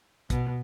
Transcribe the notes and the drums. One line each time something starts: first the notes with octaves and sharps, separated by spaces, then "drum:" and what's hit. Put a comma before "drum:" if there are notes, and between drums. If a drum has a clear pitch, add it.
B2, drum: kick, hi-hat